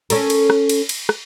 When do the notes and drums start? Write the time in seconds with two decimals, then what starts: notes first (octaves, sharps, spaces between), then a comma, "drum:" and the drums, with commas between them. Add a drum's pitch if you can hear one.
0.10 C#4 A4 A#4, drum: cymbal
0.30 drum: cymbal
0.50 drum: rim click
0.69 drum: cymbal
0.89 drum: cymbal
1.09 drum: rim click